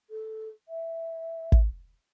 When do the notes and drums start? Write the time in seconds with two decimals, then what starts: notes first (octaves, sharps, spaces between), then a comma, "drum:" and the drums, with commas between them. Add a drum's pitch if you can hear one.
0.10 A4
0.68 E5
1.52 drum: kick